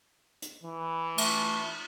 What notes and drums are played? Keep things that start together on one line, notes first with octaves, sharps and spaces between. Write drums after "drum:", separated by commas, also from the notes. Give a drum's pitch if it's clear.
drum: hi-hat
E3
A3, drum: cymbal